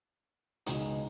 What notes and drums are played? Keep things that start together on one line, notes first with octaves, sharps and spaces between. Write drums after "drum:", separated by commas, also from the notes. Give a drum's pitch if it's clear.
C#2 B2 G#3 D#4, drum: hi-hat